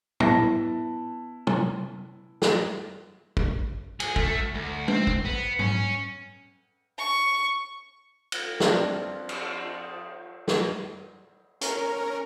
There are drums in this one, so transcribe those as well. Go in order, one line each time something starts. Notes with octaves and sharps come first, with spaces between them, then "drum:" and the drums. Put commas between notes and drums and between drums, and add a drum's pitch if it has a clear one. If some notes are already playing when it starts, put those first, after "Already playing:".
B3 E4 A5 A#6, drum: tom
drum: tom
drum: snare
drum: kick
G#4, drum: cymbal
A3, drum: kick
D2
C4, drum: tom
drum: kick
B3
C#4, drum: tom G#2
C#6
drum: cymbal
F3 C4 D4, drum: snare
drum: cymbal
drum: snare
C#4 A#4, drum: hi-hat